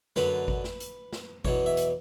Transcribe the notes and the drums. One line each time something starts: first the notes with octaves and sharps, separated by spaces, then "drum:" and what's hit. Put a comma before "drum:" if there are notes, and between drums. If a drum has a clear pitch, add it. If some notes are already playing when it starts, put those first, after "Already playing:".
F#2 D3 F#3 B4, drum: snare
drum: kick G#1
drum: snare
drum: hi-hat
drum: snare
E2 B2 F#3 C#5, drum: kick G#1
E5
drum: hi-hat